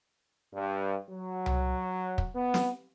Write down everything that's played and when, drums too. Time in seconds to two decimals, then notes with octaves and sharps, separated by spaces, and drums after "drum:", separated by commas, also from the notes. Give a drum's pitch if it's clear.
0.54 G2
1.10 F#3
1.46 drum: tom C2
2.18 drum: kick
2.35 B3
2.54 drum: snare